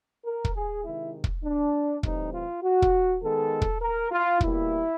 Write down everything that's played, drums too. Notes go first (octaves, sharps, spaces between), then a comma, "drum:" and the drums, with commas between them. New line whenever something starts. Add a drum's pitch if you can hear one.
A#4
drum: kick
G#4
C3 D#3 G#3 E4
drum: kick
D4
A2 E3 G3 C4 D#4, drum: kick
F4
F#4
drum: kick
D#3 G#3 B3 A4
drum: kick
A#4
F4
B2 G3 A#3 E4, drum: kick